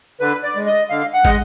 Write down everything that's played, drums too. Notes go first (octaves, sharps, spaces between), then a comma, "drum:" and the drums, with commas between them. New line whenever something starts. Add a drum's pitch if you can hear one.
D3 B4
D5
G#3
D#5
D3 F5
F#5
G#3 D#5, drum: kick